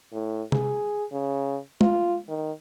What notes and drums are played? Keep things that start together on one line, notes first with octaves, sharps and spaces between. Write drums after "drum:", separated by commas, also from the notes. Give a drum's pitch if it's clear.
A2
G#4, drum: tom C3
C#3
F4, drum: tom G#3
D#3